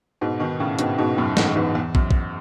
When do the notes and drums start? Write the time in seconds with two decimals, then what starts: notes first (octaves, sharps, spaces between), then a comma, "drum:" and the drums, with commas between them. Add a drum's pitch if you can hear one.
0.21 G#2 B2
0.40 B2 D#3
0.60 A2 C#3
0.79 G#2 B2, drum: hi-hat
0.98 G#2 B2
1.18 F#2 A2
1.37 E2 G#2, drum: snare
1.56 E2 G#2
1.75 E2
1.95 F#2, drum: kick
2.11 drum: kick